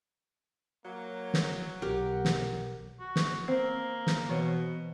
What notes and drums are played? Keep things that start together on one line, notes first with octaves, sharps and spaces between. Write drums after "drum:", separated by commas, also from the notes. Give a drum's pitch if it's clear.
F#3 A#3
drum: snare
B1 G4 A#4 F#5
drum: snare
F#4
drum: snare
A#3 C4
drum: snare
B2 E3 C#5